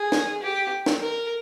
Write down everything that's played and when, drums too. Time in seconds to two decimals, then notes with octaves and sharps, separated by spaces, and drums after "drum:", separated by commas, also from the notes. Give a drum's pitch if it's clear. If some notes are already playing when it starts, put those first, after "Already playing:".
Already playing: G#4
0.12 drum: snare
0.42 G4
0.86 drum: snare
1.01 A#4